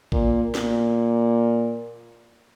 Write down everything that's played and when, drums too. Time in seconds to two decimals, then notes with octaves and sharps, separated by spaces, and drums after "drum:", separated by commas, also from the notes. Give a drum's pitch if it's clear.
0.12 A#2, drum: kick A1
0.55 A#2, drum: snare